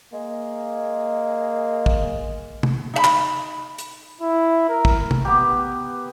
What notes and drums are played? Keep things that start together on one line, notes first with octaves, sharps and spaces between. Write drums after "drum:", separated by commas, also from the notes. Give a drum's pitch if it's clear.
G#3 A#3
drum: kick
drum: tom
D#4 E5 B5
drum: clap
drum: hi-hat
E4
A#4
drum: kick
drum: tom
B3 G4